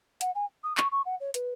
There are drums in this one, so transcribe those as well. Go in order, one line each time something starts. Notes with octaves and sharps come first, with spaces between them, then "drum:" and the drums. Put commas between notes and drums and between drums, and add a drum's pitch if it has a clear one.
F#5, drum: hi-hat
G#5
D#6
C#6, drum: clap
C#6
F#5
C#5
B4, drum: hi-hat